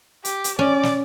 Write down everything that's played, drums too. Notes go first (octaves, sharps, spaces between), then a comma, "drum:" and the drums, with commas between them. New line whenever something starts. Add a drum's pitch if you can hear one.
G4, drum: hi-hat
drum: hi-hat
C#4 D5
drum: snare